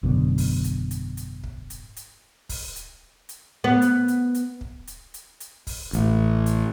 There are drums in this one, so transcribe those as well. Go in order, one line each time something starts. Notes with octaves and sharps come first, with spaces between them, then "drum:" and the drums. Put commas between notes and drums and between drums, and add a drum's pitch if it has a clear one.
G#1 F#2 B2 D3
drum: kick, open hi-hat
drum: hi-hat
drum: hi-hat
drum: hi-hat
drum: kick
drum: hi-hat
drum: hi-hat
drum: kick, open hi-hat
drum: hi-hat
drum: hi-hat
B3
drum: hi-hat
drum: hi-hat
drum: hi-hat
drum: kick
drum: hi-hat
drum: hi-hat
drum: hi-hat
drum: kick, open hi-hat
A1, drum: hi-hat
drum: hi-hat